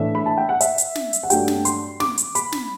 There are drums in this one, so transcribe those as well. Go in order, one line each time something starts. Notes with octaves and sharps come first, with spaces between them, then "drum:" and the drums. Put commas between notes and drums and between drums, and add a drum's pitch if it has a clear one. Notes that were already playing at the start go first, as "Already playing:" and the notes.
Already playing: A2 E3 A3 D4 E5
B5
A5
G5
F#5
E5, drum: hi-hat
drum: hi-hat
drum: snare
drum: hi-hat
F#5
G2 F#3 A3 D4 G5, drum: hi-hat
drum: snare
C6, drum: hi-hat
D6, drum: snare
drum: hi-hat
B5, drum: hi-hat
drum: snare